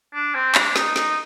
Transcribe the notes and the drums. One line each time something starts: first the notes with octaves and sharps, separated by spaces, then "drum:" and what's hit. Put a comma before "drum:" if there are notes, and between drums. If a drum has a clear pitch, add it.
D4
C4
D4, drum: clap
D#4, drum: snare
D#4, drum: snare